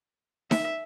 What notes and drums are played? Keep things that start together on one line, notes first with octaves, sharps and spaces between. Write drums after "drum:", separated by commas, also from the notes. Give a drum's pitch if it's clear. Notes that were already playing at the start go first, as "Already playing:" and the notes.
E5, drum: snare D#4